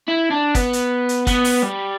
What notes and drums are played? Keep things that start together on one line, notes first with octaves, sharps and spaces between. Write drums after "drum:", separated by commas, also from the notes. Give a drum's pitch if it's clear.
E4
D4
B3, drum: kick, hi-hat
drum: hi-hat
drum: hi-hat
B3, drum: kick, hi-hat
drum: open hi-hat
G3